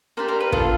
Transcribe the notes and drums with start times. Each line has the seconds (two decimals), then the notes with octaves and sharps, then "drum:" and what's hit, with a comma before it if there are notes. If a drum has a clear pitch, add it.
0.17 A#3 D4 G4 C5
0.28 A#4
0.40 B4
0.52 B3 D4 F4 A4, drum: kick